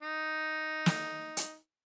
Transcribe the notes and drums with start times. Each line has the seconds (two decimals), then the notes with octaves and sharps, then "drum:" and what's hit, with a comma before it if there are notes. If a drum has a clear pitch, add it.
0.02 D#4
0.86 drum: snare
1.37 drum: hi-hat